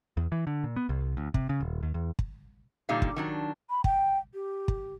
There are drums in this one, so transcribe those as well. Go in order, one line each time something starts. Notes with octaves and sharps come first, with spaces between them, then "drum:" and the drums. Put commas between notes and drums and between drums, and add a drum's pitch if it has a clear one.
E2
E3
D3
A#2
B3
C2
D2
C3, drum: kick
C#3
D#1
D#2
E2
drum: kick
A#2 D3 G3 D#4 F5
drum: kick
D#3 F#3 D4
B5
G5, drum: kick
G4
drum: kick